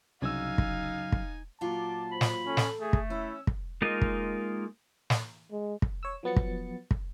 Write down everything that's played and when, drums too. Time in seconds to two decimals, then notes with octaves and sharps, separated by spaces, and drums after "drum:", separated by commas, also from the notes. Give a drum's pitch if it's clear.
0.22 C2 F#2 C#3 F#3 D#4 F5 G#5 E6
0.58 drum: kick
1.12 drum: kick
1.61 A#2 F#3 F4 A5 D6
2.11 C5 B5
2.21 drum: snare
2.46 C#4 A4
2.57 drum: snare
2.80 A3 G#4
2.93 drum: kick
3.10 C#4 E4 E6
3.47 drum: kick
3.82 G#3 A#3 D#4 F4 A#4 D#5
4.02 drum: kick
5.10 drum: snare
5.51 G#3
5.82 drum: kick
6.03 C#5 E6
6.23 F3 F#3 B3 A6 C#7
6.36 drum: kick
6.91 drum: kick